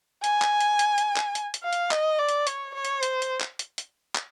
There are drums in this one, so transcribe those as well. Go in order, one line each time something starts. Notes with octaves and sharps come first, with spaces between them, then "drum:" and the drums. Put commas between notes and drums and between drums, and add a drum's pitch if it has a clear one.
G#5, drum: hi-hat
drum: clap
drum: hi-hat
drum: hi-hat
drum: hi-hat
drum: clap
drum: hi-hat
drum: hi-hat
F5
drum: hi-hat
D#5, drum: clap
D5
drum: hi-hat
C#5, drum: hi-hat
C#5
drum: hi-hat
C5, drum: hi-hat
drum: hi-hat
drum: clap
drum: hi-hat
drum: hi-hat
drum: clap